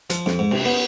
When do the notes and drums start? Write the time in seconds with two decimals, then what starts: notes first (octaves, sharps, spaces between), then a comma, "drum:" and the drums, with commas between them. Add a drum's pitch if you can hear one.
0.10 F3, drum: hi-hat
0.26 F2, drum: snare
0.39 G#2
0.51 C3, drum: cymbal
0.65 B3